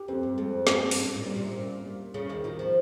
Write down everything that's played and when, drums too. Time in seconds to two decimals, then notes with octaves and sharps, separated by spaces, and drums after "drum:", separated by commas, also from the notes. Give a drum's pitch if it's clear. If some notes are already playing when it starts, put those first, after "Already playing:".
Already playing: G4
0.08 F2 C4
0.23 G2
0.38 F2 G#3
0.67 G2 C4, drum: snare
0.91 G2, drum: open hi-hat
0.96 G#2 C#4
1.16 A#2
1.26 G3
1.36 A#2
1.44 C3
1.52 A#2 C#4
1.85 G3
2.14 C#3 G#4
2.29 D#2 D#3
2.44 D#2 D#3 F4
2.59 F3